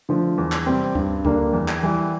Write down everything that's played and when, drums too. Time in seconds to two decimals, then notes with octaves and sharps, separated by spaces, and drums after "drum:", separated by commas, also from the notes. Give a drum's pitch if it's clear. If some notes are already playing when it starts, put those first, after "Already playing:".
0.09 D3 F3 A3
0.38 E2
0.52 drum: clap
0.66 C3 G3 C4
0.95 G2, drum: kick D2
1.25 D3 G3 A#3 D4, drum: kick D2
1.53 E2
1.68 drum: clap
1.83 E3 G3